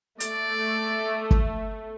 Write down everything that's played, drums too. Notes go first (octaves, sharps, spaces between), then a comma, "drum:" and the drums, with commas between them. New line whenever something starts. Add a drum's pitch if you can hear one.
A3 D5, drum: hi-hat
drum: kick